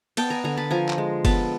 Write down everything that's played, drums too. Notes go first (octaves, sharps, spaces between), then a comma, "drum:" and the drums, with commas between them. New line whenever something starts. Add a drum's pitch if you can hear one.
B3 G5 A5, drum: cymbal
G#5 A#5
D3 G#5 A#5
A5 B5
F3 G#5 A#5
drum: clap
G#3
B3 A5 B5, drum: kick F#1, cymbal